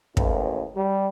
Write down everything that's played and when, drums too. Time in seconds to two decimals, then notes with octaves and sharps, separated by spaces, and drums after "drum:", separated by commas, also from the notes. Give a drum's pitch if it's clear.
0.17 A1 D#2, drum: kick
0.76 G3